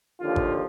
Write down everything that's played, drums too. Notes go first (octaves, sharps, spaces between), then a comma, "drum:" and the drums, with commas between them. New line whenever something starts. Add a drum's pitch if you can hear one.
D#2 D3 F3 F4
drum: kick